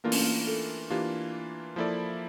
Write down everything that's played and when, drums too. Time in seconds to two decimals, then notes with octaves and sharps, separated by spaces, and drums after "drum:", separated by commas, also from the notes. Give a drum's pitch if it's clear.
0.04 E3 A3 A#3 D4 F4 A#4
0.12 C#4, drum: open hi-hat
0.20 A#3
0.47 A4
0.90 E3 A#3 D4 F4 G4
1.76 F3 A#3 E4 A4 D5